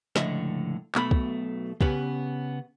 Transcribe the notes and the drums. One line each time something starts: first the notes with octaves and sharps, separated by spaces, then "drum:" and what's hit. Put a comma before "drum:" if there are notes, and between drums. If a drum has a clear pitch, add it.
C#2 A2 D3 F3 D#5 E5, drum: snare
B1 B2 A3 B5, drum: clap
drum: kick
C#3 B3 C#4 G4 B4, drum: kick